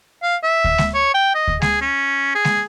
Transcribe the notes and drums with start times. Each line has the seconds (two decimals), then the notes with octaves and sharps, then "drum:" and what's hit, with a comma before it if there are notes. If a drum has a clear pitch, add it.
0.23 F5
0.43 E5
0.64 drum: kick D2
0.78 drum: snare G#3
0.94 C#5
1.14 G5
1.35 D#5
1.48 drum: kick D2
1.62 G#4, drum: snare G#3
1.82 C#4
2.35 G#4
2.45 drum: snare G#3